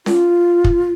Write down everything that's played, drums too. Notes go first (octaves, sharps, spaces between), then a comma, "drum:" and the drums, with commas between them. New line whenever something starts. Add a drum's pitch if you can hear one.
F4, drum: snare C#4
drum: kick